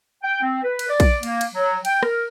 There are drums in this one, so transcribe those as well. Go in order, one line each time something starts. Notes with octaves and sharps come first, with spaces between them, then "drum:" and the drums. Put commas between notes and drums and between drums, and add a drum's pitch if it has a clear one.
G5
C4
B4
drum: cymbal
D5
drum: kick A#1, cymbal
A#3, drum: cymbal
drum: cymbal
F#3
G5, drum: cymbal
A#4, drum: rim click